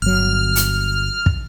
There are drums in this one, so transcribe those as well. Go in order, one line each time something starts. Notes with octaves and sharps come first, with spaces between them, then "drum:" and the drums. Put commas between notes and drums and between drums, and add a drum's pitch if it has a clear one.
G1 F#3 F6
drum: hi-hat
drum: kick